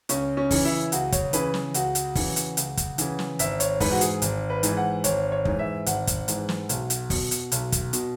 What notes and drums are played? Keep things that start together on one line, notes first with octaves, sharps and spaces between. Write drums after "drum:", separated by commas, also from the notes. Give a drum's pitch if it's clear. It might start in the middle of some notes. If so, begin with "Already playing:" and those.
C#2 C#4, drum: hi-hat
C#4
C#3 E3, drum: kick, open hi-hat
E4
C#2 F#4, drum: hi-hat
C#5, drum: kick, hi-hat
C#3 E3 B4, drum: hi-hat
drum: snare
C#2 F#4, drum: hi-hat
drum: hi-hat
C#3 E3, drum: kick, open hi-hat
drum: hi-hat
C#2, drum: hi-hat
drum: kick, hi-hat
C#3 E3, drum: hi-hat
drum: snare
G#1 E5, drum: hi-hat
C#5, drum: hi-hat
G#2 E3 B4, drum: kick, open hi-hat
F#4
G#4, drum: hi-hat
G#1, drum: hi-hat
B4
G#2 E3, drum: hi-hat
F#5
G#1 C#5, drum: hi-hat
C#5
G#2 E3, drum: kick
E5
G#1 F#5, drum: hi-hat
drum: kick, hi-hat
G#2 E3, drum: hi-hat
drum: snare
B1, drum: hi-hat
drum: hi-hat
B2, drum: kick, open hi-hat
drum: hi-hat
B1, drum: hi-hat
drum: kick, hi-hat
B2, drum: hi-hat